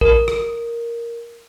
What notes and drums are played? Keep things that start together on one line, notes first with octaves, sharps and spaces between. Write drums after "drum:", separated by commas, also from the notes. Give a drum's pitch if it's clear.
A#4, drum: kick
drum: rim click